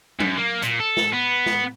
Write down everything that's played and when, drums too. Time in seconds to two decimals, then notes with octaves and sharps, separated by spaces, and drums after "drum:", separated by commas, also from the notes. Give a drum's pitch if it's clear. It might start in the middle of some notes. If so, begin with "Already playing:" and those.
0.20 F#2, drum: tom F#3
0.37 A#3
0.62 A#2, drum: hi-hat
0.80 A4
0.97 drum: snare
1.13 B3
1.46 drum: snare